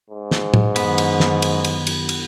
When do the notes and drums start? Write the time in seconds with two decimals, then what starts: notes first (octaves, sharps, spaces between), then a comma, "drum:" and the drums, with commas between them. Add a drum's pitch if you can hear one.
0.10 G#2
0.31 drum: snare
0.54 drum: tom
0.76 F#2 D#3 B3, drum: cymbal
0.98 drum: cymbal
1.20 drum: snare
1.42 drum: cymbal
1.64 drum: cymbal
1.87 drum: cymbal
2.09 drum: cymbal